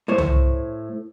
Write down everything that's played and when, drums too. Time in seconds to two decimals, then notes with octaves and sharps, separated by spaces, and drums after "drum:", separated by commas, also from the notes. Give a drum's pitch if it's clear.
0.08 A2 C5 C#5
0.18 drum: tom